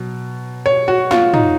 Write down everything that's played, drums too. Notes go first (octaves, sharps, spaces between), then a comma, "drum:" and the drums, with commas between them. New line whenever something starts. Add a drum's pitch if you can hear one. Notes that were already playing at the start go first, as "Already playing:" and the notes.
Already playing: B2 F#3
C#5
F#4
F4, drum: snare
D#4, drum: tom